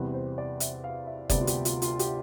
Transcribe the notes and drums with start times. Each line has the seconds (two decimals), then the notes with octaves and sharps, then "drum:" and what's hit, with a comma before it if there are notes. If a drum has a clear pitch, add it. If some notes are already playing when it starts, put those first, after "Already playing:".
Already playing: E2 C3 G3 C4 B4
0.14 C5
0.38 D5
0.60 E5, drum: hi-hat
0.84 F5
1.06 E5
1.30 D2 C3 G3 B3 D5, drum: kick F#1, hi-hat
1.41 F4
1.47 G4, drum: hi-hat
1.65 F4, drum: hi-hat
1.82 F4, drum: hi-hat
1.99 G4, drum: hi-hat